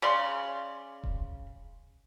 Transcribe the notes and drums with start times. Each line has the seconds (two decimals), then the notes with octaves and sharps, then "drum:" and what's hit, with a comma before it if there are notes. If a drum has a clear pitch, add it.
0.02 C#3 C#4 D5 C6
1.04 drum: kick D#1